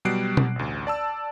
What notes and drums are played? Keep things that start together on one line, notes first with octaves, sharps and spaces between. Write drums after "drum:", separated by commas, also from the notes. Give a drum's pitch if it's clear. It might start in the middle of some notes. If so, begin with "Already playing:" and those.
B2 F#3 G3 F#6 C7 D7
drum: tom B2
A1 D2
D5 A5 E6